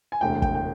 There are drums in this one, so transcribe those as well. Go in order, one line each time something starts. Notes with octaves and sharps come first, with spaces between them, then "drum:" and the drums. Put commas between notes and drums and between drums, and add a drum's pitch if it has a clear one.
G#5
E1 D2 C3 G5
G5, drum: kick
G5